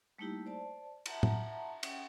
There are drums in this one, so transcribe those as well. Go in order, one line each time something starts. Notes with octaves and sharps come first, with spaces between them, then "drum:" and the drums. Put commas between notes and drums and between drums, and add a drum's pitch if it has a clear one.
G3 A3 A#3 D#4 E4 G4
C5 D5 A5
E5 F#5 A5 A#5, drum: cymbal
drum: tom
C#4 F#5 G5, drum: cymbal